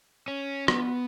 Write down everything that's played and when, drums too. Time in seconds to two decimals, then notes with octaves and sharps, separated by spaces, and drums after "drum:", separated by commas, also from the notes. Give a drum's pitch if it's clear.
0.28 C#4
0.68 B3, drum: rim click